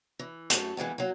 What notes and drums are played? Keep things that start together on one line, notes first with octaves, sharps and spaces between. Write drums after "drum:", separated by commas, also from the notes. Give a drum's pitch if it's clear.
E3
F#2 A3, drum: hi-hat
E3 G#3 A#3 B3
F#3 A#3